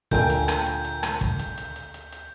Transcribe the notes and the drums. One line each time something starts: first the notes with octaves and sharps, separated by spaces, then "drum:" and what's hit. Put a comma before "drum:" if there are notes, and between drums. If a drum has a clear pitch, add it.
D2 A#2 D3 A#4 G5 G#5 G6, drum: kick, hi-hat
drum: hi-hat
drum: rim click
drum: hi-hat
drum: hi-hat
drum: rim click
drum: kick, hi-hat
drum: hi-hat
drum: hi-hat
drum: hi-hat
drum: hi-hat
drum: hi-hat